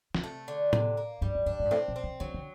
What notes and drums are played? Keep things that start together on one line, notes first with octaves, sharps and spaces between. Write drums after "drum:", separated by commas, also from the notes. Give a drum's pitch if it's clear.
D3, drum: snare
C3 A3
D3
C3, drum: tom A2
A#3
G2 G3
F#2
G2 D4
A2
G2
A2 C4
A#2
C4
C3
D3 F#3
D3